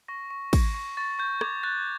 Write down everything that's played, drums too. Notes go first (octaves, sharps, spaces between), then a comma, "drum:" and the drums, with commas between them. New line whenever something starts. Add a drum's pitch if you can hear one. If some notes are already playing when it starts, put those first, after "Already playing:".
C#6 A#6
C#6
C#6, drum: kick, cymbal
C#6
C#6 A6
C#6 G6
D6 G#6, drum: rim click
F#6 A6